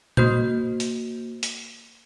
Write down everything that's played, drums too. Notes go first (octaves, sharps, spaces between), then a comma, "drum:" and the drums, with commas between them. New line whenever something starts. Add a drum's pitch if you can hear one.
A#3 F#4 C5 G6, drum: tom A#2
drum: hi-hat
drum: hi-hat